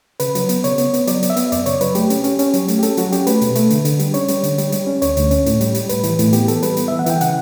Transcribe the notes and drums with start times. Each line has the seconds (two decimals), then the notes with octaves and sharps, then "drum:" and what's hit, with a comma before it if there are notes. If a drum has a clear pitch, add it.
0.20 C#3 B4, drum: hi-hat
0.35 F#3, drum: hi-hat
0.49 B3, drum: hi-hat
0.64 C#3 C#5, drum: hi-hat
0.78 B3, drum: hi-hat
0.94 B3, drum: hi-hat
1.07 F#3 D5, drum: hi-hat
1.23 B3, drum: hi-hat
1.30 E5
1.37 B3, drum: hi-hat
1.52 F#2 D5, drum: hi-hat
1.66 C#3 C#5, drum: hi-hat
1.81 F#3 B4, drum: hi-hat
1.95 A3 G4, drum: hi-hat
2.10 C#4, drum: hi-hat
2.24 C#4, drum: hi-hat
2.39 C#4, drum: hi-hat
2.54 F#3, drum: hi-hat
2.68 A3, drum: hi-hat
2.79 G4
2.83 C#4 A4, drum: hi-hat
2.97 F#3 F#4, drum: hi-hat
3.12 C#4 G4, drum: hi-hat
3.27 A3 B4, drum: hi-hat
3.42 B2, drum: hi-hat
3.55 A3, drum: hi-hat
3.70 D3, drum: hi-hat
3.85 D3, drum: hi-hat
3.99 G3, drum: hi-hat
4.14 C#4 C#5, drum: hi-hat
4.28 G3, drum: hi-hat
4.44 D3, drum: hi-hat
4.58 G3, drum: hi-hat
4.72 G3, drum: hi-hat
4.87 C#4
5.02 D2 C#5, drum: hi-hat
5.17 D2, drum: hi-hat
5.31 C#4, drum: hi-hat
5.46 A2, drum: hi-hat
5.61 G3, drum: hi-hat
5.75 G3, drum: hi-hat
5.89 A2 B4, drum: hi-hat
6.04 E3, drum: hi-hat
6.19 A2, drum: hi-hat
6.33 B3 G4, drum: hi-hat
6.48 E3 A4, drum: hi-hat
6.63 G3 B4, drum: hi-hat
6.77 B3, drum: hi-hat
6.88 E3 E5
6.99 F#5
7.06 E3 G5, drum: hi-hat
7.21 C#3 F#5, drum: hi-hat